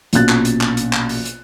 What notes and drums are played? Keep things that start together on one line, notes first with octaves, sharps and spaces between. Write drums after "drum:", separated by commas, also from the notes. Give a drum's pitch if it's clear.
A#1 B2 C#4 F#6 A6, drum: hi-hat
drum: clap
drum: hi-hat
drum: clap
drum: hi-hat
drum: clap
drum: open hi-hat
drum: hi-hat